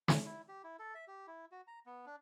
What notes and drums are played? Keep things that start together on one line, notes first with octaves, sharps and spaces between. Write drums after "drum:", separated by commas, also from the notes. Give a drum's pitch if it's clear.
G#5, drum: snare
E4
G4
E4
A4
E5
G4
E4
F#4
A#5
B3
D4